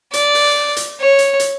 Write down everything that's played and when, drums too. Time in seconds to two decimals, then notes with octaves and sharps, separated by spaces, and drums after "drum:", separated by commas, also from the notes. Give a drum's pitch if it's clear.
0.13 D5, drum: hi-hat
0.34 drum: open hi-hat
0.77 drum: hi-hat
1.00 C#5
1.19 drum: hi-hat
1.40 drum: hi-hat